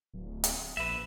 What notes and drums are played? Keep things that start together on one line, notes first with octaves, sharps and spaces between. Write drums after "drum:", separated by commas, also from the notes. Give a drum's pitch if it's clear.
D1
drum: hi-hat
A#1 B4 E5